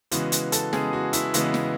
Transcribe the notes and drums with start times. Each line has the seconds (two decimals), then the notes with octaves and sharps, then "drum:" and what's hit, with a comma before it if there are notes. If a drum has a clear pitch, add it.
0.11 C#3 E3 G#3 B3 F#4, drum: hi-hat
0.32 drum: hi-hat
0.52 A4, drum: hi-hat
0.73 C#3 E3 G#3 B3 G#4, drum: snare
0.93 F#4
1.13 E4, drum: hi-hat
1.34 C#3 E3 G#3 B3, drum: hi-hat
1.54 drum: snare